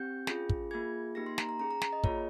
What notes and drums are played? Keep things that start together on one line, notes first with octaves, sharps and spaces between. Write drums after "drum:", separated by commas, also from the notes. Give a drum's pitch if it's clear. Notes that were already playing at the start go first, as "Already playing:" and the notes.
Already playing: C4 G4 G6
C#4 F4 G#4, drum: snare
drum: kick
A#3 F4 G#4 G#6
A#3 D#4 G4 A#6
C6
A#5, drum: snare
A#5
C#4 G#4 A#5
A#5
A#5, drum: snare
D#5
A#3 F4 G#4 C#5, drum: kick